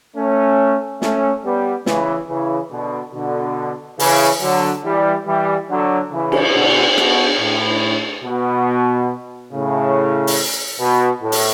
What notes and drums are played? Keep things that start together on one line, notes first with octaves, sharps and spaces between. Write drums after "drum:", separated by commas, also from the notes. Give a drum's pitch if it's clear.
A3 C#4
A3 C#4, drum: snare
G3 B3
C#3 E3, drum: snare
C#3 E3
B2 D3
B2 D3
C#3 E3, drum: open hi-hat
D3 F#3
E3 G3
E3 G3
D3 F#3
C#3 E3
drum: cymbal
B2 D3
B2, drum: rim click
A2
B2
A2 C#3
drum: open hi-hat
B2
A2
drum: open hi-hat